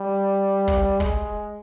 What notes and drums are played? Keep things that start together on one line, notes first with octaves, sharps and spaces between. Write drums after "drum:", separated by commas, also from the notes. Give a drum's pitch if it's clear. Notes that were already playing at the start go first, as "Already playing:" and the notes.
Already playing: G3
drum: kick
G#3, drum: kick